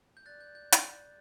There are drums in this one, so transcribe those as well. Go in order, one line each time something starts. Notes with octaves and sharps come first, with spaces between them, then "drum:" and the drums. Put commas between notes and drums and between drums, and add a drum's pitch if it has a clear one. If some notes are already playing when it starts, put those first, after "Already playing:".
G6
D5 F#6 A6
G6
G6
drum: hi-hat